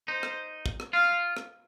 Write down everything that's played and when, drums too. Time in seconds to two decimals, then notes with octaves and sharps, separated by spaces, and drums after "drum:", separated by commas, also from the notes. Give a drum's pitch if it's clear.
0.08 D#4 C5
0.23 drum: rim click
0.66 drum: kick
0.80 drum: rim click
0.93 F4 F5
1.37 drum: rim click